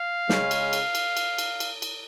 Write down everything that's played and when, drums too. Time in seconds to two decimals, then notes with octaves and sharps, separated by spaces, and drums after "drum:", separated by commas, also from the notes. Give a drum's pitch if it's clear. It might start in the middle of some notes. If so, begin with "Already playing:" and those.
Already playing: F5
0.29 C#3 G#3 C#4, drum: snare
0.51 drum: cymbal
0.73 drum: cymbal
0.95 drum: cymbal
1.17 drum: cymbal
1.38 drum: cymbal
1.60 drum: cymbal
1.82 drum: cymbal